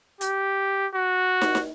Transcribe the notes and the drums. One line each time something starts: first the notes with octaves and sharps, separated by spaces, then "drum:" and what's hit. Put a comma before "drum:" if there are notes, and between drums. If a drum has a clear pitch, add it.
G4, drum: hi-hat
F#4
drum: snare
drum: snare